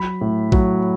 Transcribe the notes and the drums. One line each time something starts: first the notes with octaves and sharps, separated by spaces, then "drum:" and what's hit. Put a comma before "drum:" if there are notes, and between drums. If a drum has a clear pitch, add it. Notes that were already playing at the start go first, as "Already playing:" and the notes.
Already playing: F#3 B5
A2
F#3, drum: kick A#1